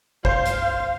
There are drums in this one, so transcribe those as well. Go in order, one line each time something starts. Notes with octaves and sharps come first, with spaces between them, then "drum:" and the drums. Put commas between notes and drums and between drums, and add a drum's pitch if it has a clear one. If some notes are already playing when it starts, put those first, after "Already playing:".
C5 F5, drum: kick
drum: hi-hat